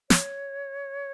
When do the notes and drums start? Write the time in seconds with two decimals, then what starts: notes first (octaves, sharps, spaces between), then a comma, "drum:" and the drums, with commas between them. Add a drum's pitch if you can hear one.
0.10 C#5, drum: snare